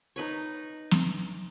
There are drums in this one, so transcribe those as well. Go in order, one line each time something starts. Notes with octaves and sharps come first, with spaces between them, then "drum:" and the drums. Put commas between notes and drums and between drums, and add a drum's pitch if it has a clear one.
D#4 B4 C#5
drum: snare